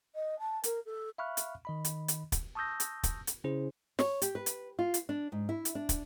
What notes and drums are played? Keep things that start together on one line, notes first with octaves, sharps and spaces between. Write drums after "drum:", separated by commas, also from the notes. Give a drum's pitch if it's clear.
D#5
A5
A#4, drum: hi-hat
A4
E5 F5 B5 C#6 F6 F#6
drum: hi-hat
D#3 D#5 B5
drum: hi-hat
drum: hi-hat
drum: kick, hi-hat
A5 C#6 D#6 E6 G6 A#6
drum: hi-hat
drum: kick, hi-hat
drum: hi-hat
C#3 C#4 E4 G#4 C5
C#5, drum: snare
G4, drum: hi-hat
B4
drum: hi-hat
F4
drum: hi-hat
D4
G#2
E4
drum: hi-hat
D4
drum: kick, hi-hat